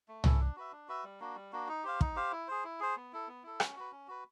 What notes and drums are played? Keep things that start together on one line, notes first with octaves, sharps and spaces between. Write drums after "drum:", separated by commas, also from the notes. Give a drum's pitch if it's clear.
A3
C#4 E4 A4, drum: tom
D4
F#4 B4 E5
D4
F#4 B4 E5
G3
A#3 D4 F#4
G3
A#3 D4 F#4
D#4
G4 C5 F5
D#4, drum: kick
G4 C5 F5
E4
G#4 C5
E4
G#4 C5
B3
E4 A4
B3
E4 A4
C#4, drum: rim click
F#4 B4
C#4
F#4 B4